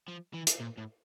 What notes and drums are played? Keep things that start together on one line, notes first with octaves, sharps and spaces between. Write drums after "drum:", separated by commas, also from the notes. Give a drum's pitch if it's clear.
F3
E3
drum: hi-hat
A#2
A2